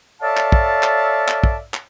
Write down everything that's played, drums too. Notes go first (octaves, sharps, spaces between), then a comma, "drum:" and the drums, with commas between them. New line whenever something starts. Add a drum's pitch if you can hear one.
A4 C#5 D5 E5 F5 A5
drum: clap
drum: kick
drum: clap
drum: clap
drum: kick
drum: clap